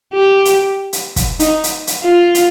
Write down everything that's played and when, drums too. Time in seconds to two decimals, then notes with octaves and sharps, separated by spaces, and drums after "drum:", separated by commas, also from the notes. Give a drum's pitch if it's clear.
0.14 G4
0.45 drum: hi-hat
0.93 drum: hi-hat
1.16 drum: kick, hi-hat
1.40 D#4, drum: hi-hat
1.64 drum: hi-hat
1.87 drum: hi-hat
2.03 F4
2.35 drum: hi-hat